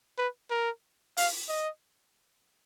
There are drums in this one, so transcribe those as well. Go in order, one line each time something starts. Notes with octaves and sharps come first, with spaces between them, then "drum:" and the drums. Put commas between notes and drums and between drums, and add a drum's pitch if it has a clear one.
B4
A#4
F5, drum: open hi-hat
D#5